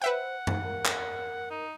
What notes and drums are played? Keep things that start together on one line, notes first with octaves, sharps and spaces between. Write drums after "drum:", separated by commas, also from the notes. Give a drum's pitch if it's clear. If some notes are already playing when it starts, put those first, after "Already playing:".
B4 C5 E5 F#5 G5
D#4, drum: tom F#2
A#4
drum: clap
D#4